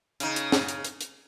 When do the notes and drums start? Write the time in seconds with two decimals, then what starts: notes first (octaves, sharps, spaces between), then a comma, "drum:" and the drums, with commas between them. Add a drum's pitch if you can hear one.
0.20 C#3 D#4, drum: hi-hat
0.36 drum: hi-hat
0.52 drum: snare
0.68 drum: hi-hat
0.85 drum: hi-hat
1.01 drum: hi-hat